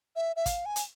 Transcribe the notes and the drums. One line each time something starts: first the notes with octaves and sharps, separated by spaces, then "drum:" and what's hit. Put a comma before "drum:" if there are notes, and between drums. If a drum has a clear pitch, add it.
E5
E5
F5, drum: kick, hi-hat
G#5
drum: hi-hat